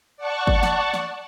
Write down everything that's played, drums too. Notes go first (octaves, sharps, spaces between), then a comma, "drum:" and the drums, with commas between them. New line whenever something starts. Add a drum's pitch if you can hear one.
D5 F#5 A5 C#6
drum: kick
drum: snare
drum: snare